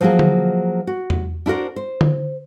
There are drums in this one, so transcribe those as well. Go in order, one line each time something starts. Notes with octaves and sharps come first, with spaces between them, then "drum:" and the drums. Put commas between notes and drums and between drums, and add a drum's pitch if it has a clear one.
F3 F#3 A#3 F4 G#4
drum: tom D3
F#4
drum: tom E2
D4 E4 F#4 A#4 C5
C5
drum: tom D3